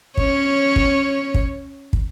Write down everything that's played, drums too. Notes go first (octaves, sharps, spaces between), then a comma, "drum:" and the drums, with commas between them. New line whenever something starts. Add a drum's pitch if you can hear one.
C#4 C#5, drum: kick
drum: kick
drum: kick
drum: kick